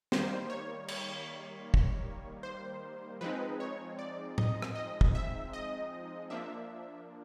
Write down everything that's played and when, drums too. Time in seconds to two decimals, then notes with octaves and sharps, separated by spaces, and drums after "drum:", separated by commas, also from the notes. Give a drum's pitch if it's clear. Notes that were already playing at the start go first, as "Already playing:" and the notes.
0.12 D#3 G3 A#3 C5, drum: snare
0.50 C#5
0.88 C#5, drum: cymbal
1.74 drum: kick
2.43 C5
3.21 F3 G#3 C4 D#4 B4
3.60 C#5
3.99 D5
4.38 D#5, drum: tom
4.62 drum: rim click
4.75 D#5
5.01 drum: kick
5.15 E5
5.53 D#5
6.30 F3 A#3 D4 E5